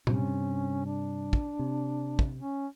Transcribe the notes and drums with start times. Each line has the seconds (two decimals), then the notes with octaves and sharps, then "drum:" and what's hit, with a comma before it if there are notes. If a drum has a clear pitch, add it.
0.07 G2 C3 C#4, drum: tom
0.85 D4
1.33 drum: kick
1.59 C3
2.19 drum: kick
2.38 C#4